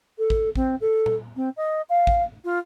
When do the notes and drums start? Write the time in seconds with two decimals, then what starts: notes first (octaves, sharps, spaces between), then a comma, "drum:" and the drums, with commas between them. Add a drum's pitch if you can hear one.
0.18 A4
0.30 drum: kick A1
0.56 C4, drum: kick A1
0.81 A4
1.06 drum: tom A#2
1.36 C4
1.57 D#5
1.89 F5
2.07 drum: kick A1
2.44 F4